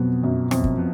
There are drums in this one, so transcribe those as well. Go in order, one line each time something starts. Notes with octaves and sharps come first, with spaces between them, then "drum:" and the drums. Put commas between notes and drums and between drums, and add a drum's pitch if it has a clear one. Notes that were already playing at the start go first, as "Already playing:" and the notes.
Already playing: F2 B2 F#3 B3
F#2
F2, drum: rim click
drum: kick
F3 B3